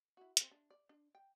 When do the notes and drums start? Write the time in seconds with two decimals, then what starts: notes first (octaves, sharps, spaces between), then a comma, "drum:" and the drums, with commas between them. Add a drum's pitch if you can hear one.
0.17 E4 F#4
0.37 C4 G#4, drum: hi-hat
0.51 D4
0.70 D5
0.89 D4
1.15 G5